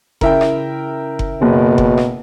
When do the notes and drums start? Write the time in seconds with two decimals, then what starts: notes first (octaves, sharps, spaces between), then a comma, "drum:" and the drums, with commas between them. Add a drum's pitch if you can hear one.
0.21 C#3 E4 A#4 E5 G5, drum: kick F#1
0.41 drum: rim click
1.19 drum: kick F#1
1.42 F#1 B2
1.78 drum: kick F#1
1.98 drum: rim click